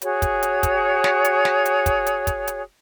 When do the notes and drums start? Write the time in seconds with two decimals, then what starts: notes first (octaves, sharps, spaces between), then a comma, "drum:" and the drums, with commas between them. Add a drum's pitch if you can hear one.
0.02 F#4 G#4 C#5, drum: hi-hat
0.22 drum: kick, hi-hat
0.43 drum: hi-hat
0.63 drum: kick, hi-hat
1.04 drum: snare
1.24 drum: hi-hat
1.45 drum: snare
1.65 drum: hi-hat
1.86 drum: kick, hi-hat
2.06 drum: hi-hat
2.27 drum: kick, hi-hat
2.47 drum: hi-hat